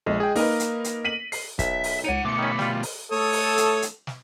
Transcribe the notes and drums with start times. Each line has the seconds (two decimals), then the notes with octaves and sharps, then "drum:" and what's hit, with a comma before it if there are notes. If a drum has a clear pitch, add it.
0.06 A#1 G#3
0.20 G#4 G5
0.36 A#3 D#4 A#4 B4 D#5, drum: open hi-hat
0.60 drum: hi-hat
0.84 drum: hi-hat
1.05 B6 D#7 F#7
1.32 C7, drum: open hi-hat
1.59 B1 E5 B6, drum: kick, hi-hat
1.84 drum: open hi-hat
2.04 C#2 D#4 C#5 F#5 C#7 D#7
2.25 B2 A3 C6 D6 C#7
2.39 D#3 C#4 B5
2.59 G3 F4, drum: snare
2.83 drum: open hi-hat
3.12 A3 A4 C#5 D#6
3.33 drum: open hi-hat
3.57 drum: hi-hat
3.82 drum: hi-hat
4.07 drum: snare